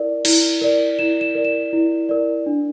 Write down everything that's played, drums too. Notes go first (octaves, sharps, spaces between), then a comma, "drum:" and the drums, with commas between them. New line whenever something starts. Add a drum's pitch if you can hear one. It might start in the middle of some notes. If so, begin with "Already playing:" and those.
Already playing: E4 A#4 D5
E4, drum: cymbal
A#4 D5
E4 E7
E7
A#4 D5
E7
E4
A#4 D5
D4